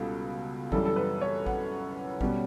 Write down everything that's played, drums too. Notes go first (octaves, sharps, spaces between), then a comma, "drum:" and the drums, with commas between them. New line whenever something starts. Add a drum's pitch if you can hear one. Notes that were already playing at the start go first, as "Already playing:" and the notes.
Already playing: C#2 B2 G3 A4
F#2 E3 G3 A4, drum: kick A1
A4
B4
C#5
F#5, drum: kick A1
B2 G3 C#4, drum: kick A1